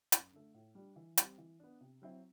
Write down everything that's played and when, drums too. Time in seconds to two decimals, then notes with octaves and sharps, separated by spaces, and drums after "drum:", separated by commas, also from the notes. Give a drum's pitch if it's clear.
0.12 F#2, drum: hi-hat
0.32 D3 A3
0.54 A2
0.75 G3 D4
0.96 E3
1.18 G3 C4, drum: hi-hat
1.38 E3
1.59 B3 D4
1.81 C3
2.02 F#3 C4 E4